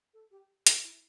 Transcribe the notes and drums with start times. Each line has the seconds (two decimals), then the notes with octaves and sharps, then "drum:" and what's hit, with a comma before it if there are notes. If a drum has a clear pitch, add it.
0.14 A4
0.31 G4
0.67 E4, drum: hi-hat
0.83 E4